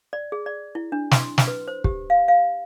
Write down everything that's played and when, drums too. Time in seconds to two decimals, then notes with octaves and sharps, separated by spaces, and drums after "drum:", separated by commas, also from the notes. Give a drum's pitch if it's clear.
0.13 D5
0.32 G#4
0.46 D5
0.75 E4
0.92 D4
1.11 C6, drum: snare
1.38 drum: snare
1.48 B4
1.68 C5
1.84 G4, drum: kick
2.10 F5
2.28 F5